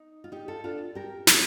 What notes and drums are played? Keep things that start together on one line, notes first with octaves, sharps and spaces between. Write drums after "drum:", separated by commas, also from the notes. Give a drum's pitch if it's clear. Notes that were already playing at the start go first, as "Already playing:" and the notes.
Already playing: D#4
F4
D#4 G4
F4 A4
D4 F4
G4 A#4
A3 C4, drum: snare